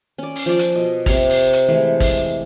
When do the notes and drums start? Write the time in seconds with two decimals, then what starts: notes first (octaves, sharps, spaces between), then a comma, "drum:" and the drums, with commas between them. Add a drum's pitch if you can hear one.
0.18 C#4 D5
0.36 drum: open hi-hat
0.46 F3 D5
0.59 drum: hi-hat
0.75 B2 D#5
1.06 C3 C#5 A#5, drum: kick, open hi-hat
1.30 drum: open hi-hat
1.53 drum: hi-hat
1.68 E3 G#3 A3
2.00 drum: kick, open hi-hat